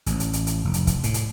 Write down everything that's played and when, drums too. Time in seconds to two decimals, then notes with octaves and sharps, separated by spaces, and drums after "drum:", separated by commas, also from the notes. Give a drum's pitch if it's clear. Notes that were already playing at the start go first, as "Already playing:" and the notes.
0.06 A1, drum: hi-hat
0.20 drum: hi-hat
0.33 drum: hi-hat
0.47 drum: hi-hat
0.64 F1
0.74 drum: hi-hat
0.87 drum: kick, hi-hat
1.03 A2, drum: hi-hat
1.14 drum: hi-hat